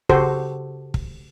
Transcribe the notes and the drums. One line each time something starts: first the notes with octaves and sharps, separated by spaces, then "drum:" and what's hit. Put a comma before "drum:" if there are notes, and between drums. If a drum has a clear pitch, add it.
C#3 F#4 G4 A4 C5, drum: kick
drum: kick